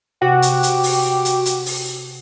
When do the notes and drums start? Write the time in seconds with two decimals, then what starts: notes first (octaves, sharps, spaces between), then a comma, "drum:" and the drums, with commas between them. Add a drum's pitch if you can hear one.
0.22 C3 F#4 G4
0.42 drum: hi-hat
0.63 drum: hi-hat
0.84 drum: open hi-hat
1.25 drum: hi-hat
1.46 drum: hi-hat
1.66 drum: open hi-hat